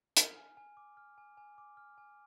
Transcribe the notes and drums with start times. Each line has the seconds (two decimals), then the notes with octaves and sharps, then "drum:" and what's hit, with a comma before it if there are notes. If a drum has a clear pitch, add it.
0.17 F6, drum: hi-hat
0.36 G#5
0.57 G#5
0.77 D6
0.97 F6
1.18 G#5
1.37 G#5
1.58 D6
1.77 F6
1.98 G#5